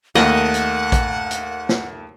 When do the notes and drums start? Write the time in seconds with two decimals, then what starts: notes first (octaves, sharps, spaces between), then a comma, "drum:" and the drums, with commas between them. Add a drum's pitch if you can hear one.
0.15 D#2 A3 A#3 D#5 F#5, drum: snare
0.54 drum: hi-hat
0.92 drum: kick A#1, hi-hat
1.31 drum: hi-hat
1.69 drum: snare